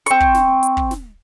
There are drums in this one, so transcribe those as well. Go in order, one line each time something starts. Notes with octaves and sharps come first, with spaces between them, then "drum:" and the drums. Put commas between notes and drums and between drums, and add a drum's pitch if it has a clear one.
C4 C#6, drum: hi-hat
drum: kick
drum: snare
drum: hi-hat
drum: kick
drum: snare